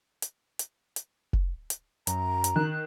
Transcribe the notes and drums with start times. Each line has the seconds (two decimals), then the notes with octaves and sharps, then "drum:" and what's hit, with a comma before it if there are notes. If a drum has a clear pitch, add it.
0.22 drum: hi-hat
0.59 drum: hi-hat
0.96 drum: hi-hat
1.33 drum: kick F1
1.70 drum: hi-hat
2.07 F#2 A#5, drum: hi-hat
2.44 drum: hi-hat
2.56 D#3 F#6